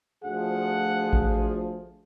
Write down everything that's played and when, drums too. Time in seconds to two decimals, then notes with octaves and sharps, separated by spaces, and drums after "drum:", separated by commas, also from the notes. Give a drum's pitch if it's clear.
0.24 D2 F3 G#4 F#5
1.13 drum: kick A1